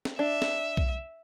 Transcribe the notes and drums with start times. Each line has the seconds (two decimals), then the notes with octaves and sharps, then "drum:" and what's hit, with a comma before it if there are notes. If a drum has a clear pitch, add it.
0.05 drum: snare
0.19 D4 E5
0.42 drum: snare
0.77 drum: kick B1